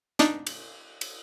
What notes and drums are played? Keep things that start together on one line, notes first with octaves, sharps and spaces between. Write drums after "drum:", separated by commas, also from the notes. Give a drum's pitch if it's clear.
D4 D#4, drum: snare
drum: cymbal
drum: cymbal